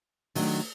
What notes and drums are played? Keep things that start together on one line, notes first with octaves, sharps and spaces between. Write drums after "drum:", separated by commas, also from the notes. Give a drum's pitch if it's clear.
D#3 F#3 A3 D4, drum: open hi-hat